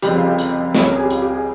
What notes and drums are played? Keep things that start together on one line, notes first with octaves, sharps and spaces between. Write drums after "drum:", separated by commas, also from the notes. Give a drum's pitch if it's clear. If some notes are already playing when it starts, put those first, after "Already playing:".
F1 F2 C#3 G3 C4 G4, drum: hi-hat
F4
G4
drum: hi-hat
C#2 C3 G3 C#4, drum: snare
A#4
G#4
G4
F4, drum: hi-hat
G4
G#4